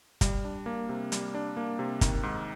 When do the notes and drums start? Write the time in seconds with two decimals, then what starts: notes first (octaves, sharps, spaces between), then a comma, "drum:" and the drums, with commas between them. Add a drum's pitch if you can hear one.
0.21 G3, drum: kick G1, hi-hat
0.44 D4
0.66 A#3
0.89 C3
1.12 G3, drum: hi-hat
1.34 D4
1.57 A#3
1.79 C3
2.01 D#3, drum: kick G1, hi-hat
2.23 G#2